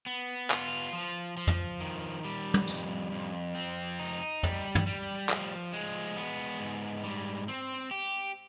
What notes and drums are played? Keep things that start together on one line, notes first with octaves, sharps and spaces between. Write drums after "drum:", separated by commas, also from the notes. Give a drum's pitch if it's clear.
B3
F4, drum: clap
F3
F3
drum: tom
D#3
G3
drum: tom
F2, drum: tambourine
F2
C4
D#4
G3, drum: tom
drum: tom
G3
F3, drum: clap
G#3
B3
G#2
G3
C4
G4